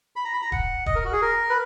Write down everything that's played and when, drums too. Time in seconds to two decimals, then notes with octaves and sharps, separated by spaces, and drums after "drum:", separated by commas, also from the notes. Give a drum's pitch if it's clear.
0.16 B5
0.25 A#5
0.33 B5
0.42 A#5
0.52 F#5, drum: kick
0.86 D#5, drum: kick
0.96 A#4
1.05 F#4
1.12 G#4
1.22 A#4
1.50 B4